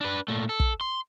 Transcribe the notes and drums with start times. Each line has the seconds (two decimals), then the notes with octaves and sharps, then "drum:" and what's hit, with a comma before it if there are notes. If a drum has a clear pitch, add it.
0.01 D4 B4
0.28 A#2 A3
0.49 A4
0.60 drum: kick
0.81 C6